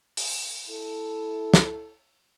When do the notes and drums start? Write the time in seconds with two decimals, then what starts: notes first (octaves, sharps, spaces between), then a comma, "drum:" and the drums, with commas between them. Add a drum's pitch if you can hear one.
0.17 drum: open hi-hat
0.69 E4 A4
1.54 drum: snare